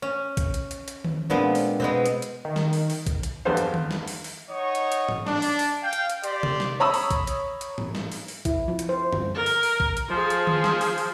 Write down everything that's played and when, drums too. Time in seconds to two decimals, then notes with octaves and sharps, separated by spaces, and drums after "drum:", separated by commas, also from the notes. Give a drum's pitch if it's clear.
0.02 C#4
0.37 drum: kick, hi-hat
0.54 drum: hi-hat
0.71 drum: hi-hat
0.88 drum: hi-hat
1.05 drum: tom D#3
1.30 A#2 F3 G#3 B3 C4 D4
1.55 drum: open hi-hat
1.80 B2 G#3 B3 C4 B4
2.06 drum: hi-hat
2.22 drum: hi-hat
2.45 D#3
2.56 drum: snare
2.73 drum: open hi-hat
2.90 drum: open hi-hat
3.07 drum: kick, hi-hat
3.23 drum: hi-hat
3.45 E2 G2 B3 A4 C5 F5
3.57 drum: hi-hat
3.74 drum: tom D#3
3.91 drum: snare
4.08 drum: open hi-hat
4.24 drum: open hi-hat
4.49 D#4 C#5 D#5 F#5 C#6
4.75 drum: hi-hat
4.92 drum: hi-hat
5.09 drum: tom
5.27 D4, drum: snare
5.42 drum: open hi-hat
5.59 drum: open hi-hat
5.83 F5 G5
5.93 drum: hi-hat
6.10 drum: hi-hat
6.24 G4 C5 D5, drum: hi-hat
6.43 drum: tom C3
6.60 drum: snare
6.80 C#5 A#5 B5 D#6 E6
6.94 drum: open hi-hat
7.11 drum: kick, hi-hat
7.27 drum: hi-hat
7.61 drum: hi-hat
7.78 drum: tom
7.95 drum: snare
8.12 drum: open hi-hat
8.28 drum: open hi-hat
8.45 E4, drum: kick, hi-hat
8.68 F3
8.79 drum: hi-hat
8.89 C5
9.13 drum: tom
9.35 A#4
9.46 drum: open hi-hat
9.63 drum: open hi-hat
9.80 drum: kick
9.97 drum: hi-hat
10.09 F3 G#4
10.30 drum: hi-hat
10.47 drum: tom D#3
10.64 drum: snare
10.81 drum: open hi-hat
10.98 drum: open hi-hat